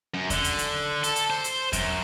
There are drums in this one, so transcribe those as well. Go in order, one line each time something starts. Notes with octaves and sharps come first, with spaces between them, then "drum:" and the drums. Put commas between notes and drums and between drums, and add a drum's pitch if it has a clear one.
F#2
D3, drum: kick E2, hi-hat
drum: hi-hat
drum: hi-hat
A4, drum: hi-hat
drum: hi-hat
C5
drum: hi-hat
F#2, drum: kick E2, hi-hat